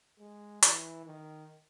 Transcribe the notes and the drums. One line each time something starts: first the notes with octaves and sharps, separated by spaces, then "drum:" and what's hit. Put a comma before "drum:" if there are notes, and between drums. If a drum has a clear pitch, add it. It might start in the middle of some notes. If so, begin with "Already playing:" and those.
G#3
E3, drum: hi-hat
D#3